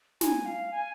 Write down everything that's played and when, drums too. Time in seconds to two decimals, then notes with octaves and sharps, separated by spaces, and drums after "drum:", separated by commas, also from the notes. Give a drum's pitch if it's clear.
0.21 G#5, drum: snare
0.46 F5
0.71 G#5